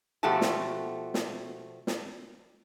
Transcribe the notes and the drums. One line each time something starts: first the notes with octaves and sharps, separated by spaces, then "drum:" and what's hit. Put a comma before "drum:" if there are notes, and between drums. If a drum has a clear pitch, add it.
B2 F3 A3 F#4 G4 A5
drum: snare
drum: snare
drum: snare